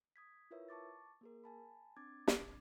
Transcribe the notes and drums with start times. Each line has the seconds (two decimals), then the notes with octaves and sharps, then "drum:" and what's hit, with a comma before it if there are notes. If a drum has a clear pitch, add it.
0.16 D#6 G#6 B6
0.51 E4 F4 A#4 B4 C#5 E5
0.69 A5 C#6 D6 A6
1.21 A#3 G#4 A#4
1.44 G#5 A5 B5
1.97 C4 D4 D6 G#6 A6
2.28 drum: snare